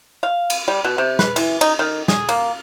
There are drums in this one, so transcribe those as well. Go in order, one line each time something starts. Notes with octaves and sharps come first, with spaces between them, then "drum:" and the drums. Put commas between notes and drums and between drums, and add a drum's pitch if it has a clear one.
F5
drum: cymbal
G3
B2
C3
B4, drum: snare
E3, drum: cymbal
D#4, drum: cymbal
D#3
G#4, drum: snare
A#3, drum: cymbal